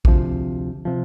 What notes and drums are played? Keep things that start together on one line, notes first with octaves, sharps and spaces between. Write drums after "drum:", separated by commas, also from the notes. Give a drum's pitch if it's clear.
D2 C3 F3, drum: kick
C3 F3